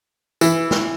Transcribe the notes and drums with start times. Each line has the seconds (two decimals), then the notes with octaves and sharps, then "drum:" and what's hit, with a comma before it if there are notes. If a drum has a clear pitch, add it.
0.41 E3, drum: tambourine
0.71 drum: snare